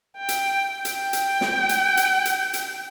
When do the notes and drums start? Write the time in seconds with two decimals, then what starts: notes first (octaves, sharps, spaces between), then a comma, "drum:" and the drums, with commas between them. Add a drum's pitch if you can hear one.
0.17 G5
0.29 drum: hi-hat
0.85 G5, drum: hi-hat
1.13 drum: hi-hat
1.41 drum: snare
1.69 drum: hi-hat
1.97 drum: hi-hat
2.25 drum: hi-hat
2.54 drum: hi-hat